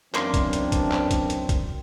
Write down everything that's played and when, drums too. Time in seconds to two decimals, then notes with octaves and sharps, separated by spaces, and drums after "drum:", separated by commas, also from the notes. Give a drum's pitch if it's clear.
0.15 F#2 E3 A#3 C4 D4 C6, drum: clap
0.34 drum: kick, hi-hat
0.53 drum: hi-hat
0.72 drum: kick, hi-hat
0.91 drum: clap
1.11 drum: kick, hi-hat
1.30 drum: hi-hat
1.49 drum: kick, hi-hat